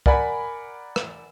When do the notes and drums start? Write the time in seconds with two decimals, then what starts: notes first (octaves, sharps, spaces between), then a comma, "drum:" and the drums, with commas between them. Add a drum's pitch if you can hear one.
0.06 A#4 D5 F#5 G#5 B5, drum: kick
0.96 drum: rim click